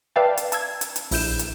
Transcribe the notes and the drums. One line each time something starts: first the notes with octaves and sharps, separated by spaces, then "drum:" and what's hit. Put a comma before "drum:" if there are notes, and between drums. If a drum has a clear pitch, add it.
B4 D5 E5 F5 G5 A5
drum: hi-hat
A5 E6 G#6, drum: hi-hat
drum: hi-hat
drum: hi-hat
A#1 E4 G6 E7, drum: open hi-hat
drum: hi-hat